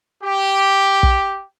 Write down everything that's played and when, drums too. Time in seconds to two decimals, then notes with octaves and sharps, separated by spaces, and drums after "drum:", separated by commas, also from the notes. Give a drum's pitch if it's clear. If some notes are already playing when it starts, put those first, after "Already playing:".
0.24 G4
1.03 drum: kick